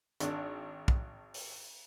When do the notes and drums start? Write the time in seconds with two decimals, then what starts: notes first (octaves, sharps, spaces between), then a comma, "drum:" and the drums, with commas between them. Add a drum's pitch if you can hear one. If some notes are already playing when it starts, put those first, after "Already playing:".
0.20 G#1 D4, drum: hi-hat
0.88 drum: kick
1.34 drum: open hi-hat